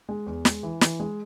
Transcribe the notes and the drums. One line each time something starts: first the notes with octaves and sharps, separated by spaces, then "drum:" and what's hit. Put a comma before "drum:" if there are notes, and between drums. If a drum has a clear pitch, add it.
G#3
E2
G#3, drum: snare
E3
E3, drum: snare
G#3